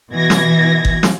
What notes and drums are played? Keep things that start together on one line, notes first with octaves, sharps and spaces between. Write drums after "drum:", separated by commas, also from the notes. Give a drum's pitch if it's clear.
B2 E3 G#6 A#6
drum: snare
drum: kick G1
drum: snare